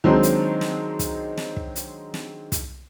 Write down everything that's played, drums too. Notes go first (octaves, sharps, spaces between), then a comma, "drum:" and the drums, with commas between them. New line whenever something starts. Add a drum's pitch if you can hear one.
D#3 F#3 G#3 C4 D4 D#4, drum: kick
drum: hi-hat
drum: snare
drum: kick, hi-hat
drum: snare
drum: kick
drum: hi-hat
drum: snare
drum: kick, hi-hat